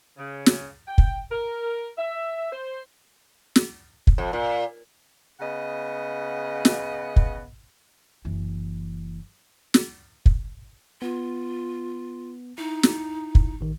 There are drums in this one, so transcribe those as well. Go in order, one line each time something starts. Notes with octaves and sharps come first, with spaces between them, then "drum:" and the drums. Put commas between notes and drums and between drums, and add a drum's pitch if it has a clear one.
C#3
drum: snare
G5
drum: kick
A#4
E5
C5
drum: snare
drum: kick
F2
A#2
C#3 B3 D#5 F#5
drum: snare
drum: kick
F#1 E3
drum: snare
drum: kick
B3 F4
D#4 E4
drum: snare
drum: kick
A1 D#3